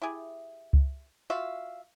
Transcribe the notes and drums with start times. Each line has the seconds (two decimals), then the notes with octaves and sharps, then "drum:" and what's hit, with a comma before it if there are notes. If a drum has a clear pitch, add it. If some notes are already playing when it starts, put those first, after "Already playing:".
0.02 E4 G4 G#4
0.73 drum: kick C#2
1.30 F4 F#4 E5 F5